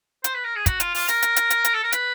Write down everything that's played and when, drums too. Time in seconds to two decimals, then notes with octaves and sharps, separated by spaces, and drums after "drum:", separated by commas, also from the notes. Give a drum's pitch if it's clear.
0.24 C5, drum: hi-hat
0.34 B4
0.45 A#4
0.56 G#4
0.66 F#4, drum: kick, hi-hat
0.80 F4, drum: hi-hat
0.95 F4, drum: open hi-hat
1.08 A#4, drum: hi-hat
1.22 drum: hi-hat
1.36 drum: hi-hat
1.50 drum: hi-hat
1.65 drum: hi-hat
1.74 A4
1.84 A#4
1.92 B4, drum: hi-hat